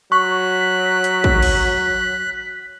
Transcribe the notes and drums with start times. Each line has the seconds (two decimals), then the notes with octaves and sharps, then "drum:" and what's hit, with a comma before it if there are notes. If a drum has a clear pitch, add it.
0.12 F#3 C#6 F#6 B6
1.04 drum: hi-hat
1.24 drum: kick
1.43 drum: cymbal